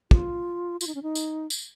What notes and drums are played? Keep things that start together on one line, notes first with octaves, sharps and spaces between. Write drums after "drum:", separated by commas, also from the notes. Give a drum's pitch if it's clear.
F4, drum: kick
F4, drum: tambourine
D#4
C#4
D#4
drum: tambourine
drum: tambourine